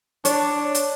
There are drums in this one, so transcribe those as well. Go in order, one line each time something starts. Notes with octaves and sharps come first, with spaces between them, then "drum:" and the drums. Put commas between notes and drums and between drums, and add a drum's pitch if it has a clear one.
D4 C#5, drum: hi-hat
drum: hi-hat